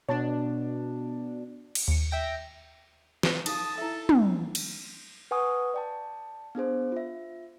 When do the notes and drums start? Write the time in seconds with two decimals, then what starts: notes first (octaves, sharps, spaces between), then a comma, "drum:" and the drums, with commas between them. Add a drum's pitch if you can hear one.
0.09 B2 D4 C#5 A5 A6
1.75 drum: cymbal
1.88 D#2 C#7
2.11 E5 G5 A#6
3.23 drum: snare
3.46 D#4 A4 F5 A5 D#6, drum: cymbal
3.78 E4 A4 E5
4.09 drum: tom
4.55 drum: cymbal
5.31 B4 F#5 G#5 C#6 D#6
5.74 D5 G5 A5
6.55 B3 D4 G#4 C5
6.92 F4 E5